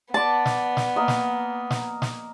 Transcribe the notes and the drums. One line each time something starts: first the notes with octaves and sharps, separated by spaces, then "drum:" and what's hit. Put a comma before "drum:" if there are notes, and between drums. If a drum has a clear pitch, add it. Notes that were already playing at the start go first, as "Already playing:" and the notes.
B3 D5 A5 D6
drum: snare
drum: snare
A#3 D#5
drum: snare
drum: snare
drum: snare